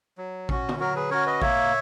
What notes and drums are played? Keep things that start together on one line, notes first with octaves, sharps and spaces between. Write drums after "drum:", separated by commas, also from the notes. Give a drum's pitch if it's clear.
F#3
C#4 F#4, drum: kick A1
drum: tom
F#3 F#4 A#4
G#4 B4
C#4 F#4 A#4 C#5
B4 D#5
A#3 C#5 E5, drum: kick A1